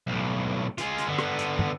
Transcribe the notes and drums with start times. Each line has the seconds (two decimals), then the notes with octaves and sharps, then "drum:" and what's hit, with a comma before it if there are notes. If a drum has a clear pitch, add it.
0.07 B1 A2
0.78 G#3 F4, drum: hi-hat
0.98 drum: hi-hat
1.08 D3 B3
1.19 drum: rim click
1.39 drum: hi-hat
1.59 drum: tom